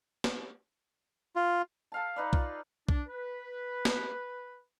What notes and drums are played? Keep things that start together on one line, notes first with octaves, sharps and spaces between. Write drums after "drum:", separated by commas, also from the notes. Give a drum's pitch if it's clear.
drum: snare
F4
A4 F5 A5
D#4 B4 D5
F4 B4, drum: kick B1
D4, drum: kick B1
B4
drum: snare